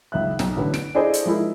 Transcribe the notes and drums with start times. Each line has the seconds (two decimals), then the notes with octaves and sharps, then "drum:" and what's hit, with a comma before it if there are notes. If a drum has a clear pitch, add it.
0.12 F#1 C#2 D#3 E5 F#6
0.39 B1, drum: snare
0.56 A1 D3 B4
0.74 D7, drum: snare
0.95 D4 E4 G#4 A4 C5 D#5
1.14 drum: hi-hat
1.25 F3 G#3 D#4 E4 A#4